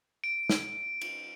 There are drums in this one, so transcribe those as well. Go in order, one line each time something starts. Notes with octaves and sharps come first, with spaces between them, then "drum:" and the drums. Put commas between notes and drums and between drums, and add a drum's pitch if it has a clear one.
D7
drum: snare
drum: cymbal